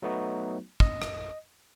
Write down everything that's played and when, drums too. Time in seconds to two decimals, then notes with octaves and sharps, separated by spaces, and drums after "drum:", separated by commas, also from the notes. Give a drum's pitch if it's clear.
0.02 F#3 A3 B3 D#4 F#4
0.80 D#5, drum: kick
1.02 drum: rim click